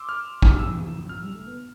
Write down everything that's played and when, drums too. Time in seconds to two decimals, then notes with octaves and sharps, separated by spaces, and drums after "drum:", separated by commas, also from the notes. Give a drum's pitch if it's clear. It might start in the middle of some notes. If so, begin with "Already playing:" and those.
Already playing: C6 D6 E6
0.09 F6
0.42 drum: kick
0.59 F3 E6
0.72 E3
0.85 E3
0.97 F3
1.09 F3 F6
1.23 G3
1.35 A3
1.47 B3